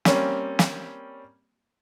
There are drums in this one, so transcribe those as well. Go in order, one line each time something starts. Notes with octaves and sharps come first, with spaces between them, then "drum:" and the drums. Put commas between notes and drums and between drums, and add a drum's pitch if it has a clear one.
G3 A#3 C4 C#4, drum: snare
drum: snare